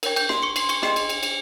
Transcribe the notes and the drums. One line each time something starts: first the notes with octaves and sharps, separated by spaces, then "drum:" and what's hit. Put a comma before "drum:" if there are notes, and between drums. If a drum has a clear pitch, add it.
A#4 C#5 G5, drum: cymbal
G5 G6, drum: cymbal
C6 C7, drum: snare
C#6 C#7
C6 C7, drum: cymbal
C#6 C#7, drum: cymbal
G#4 D#5 G5 C6 C7, drum: snare
drum: cymbal
drum: cymbal
drum: cymbal